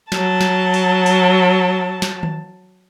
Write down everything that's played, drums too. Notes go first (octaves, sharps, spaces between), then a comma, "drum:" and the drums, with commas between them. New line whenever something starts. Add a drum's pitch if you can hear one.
F#3 A5, drum: snare
drum: snare
drum: open hi-hat
drum: open hi-hat
drum: snare
drum: tom